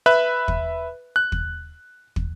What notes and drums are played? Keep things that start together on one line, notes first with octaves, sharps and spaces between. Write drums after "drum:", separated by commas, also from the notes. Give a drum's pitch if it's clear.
B4 E5 B5 F#6
drum: kick
F#6
drum: kick
drum: kick